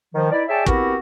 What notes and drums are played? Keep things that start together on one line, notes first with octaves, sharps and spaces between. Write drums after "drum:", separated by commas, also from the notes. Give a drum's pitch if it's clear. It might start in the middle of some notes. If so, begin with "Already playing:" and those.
D#3 F3
D#4 E4 B4 D5
G#4 C#5 D5 E5 G5 A5
B3 C4 E4 F#4 G4 A#4, drum: kick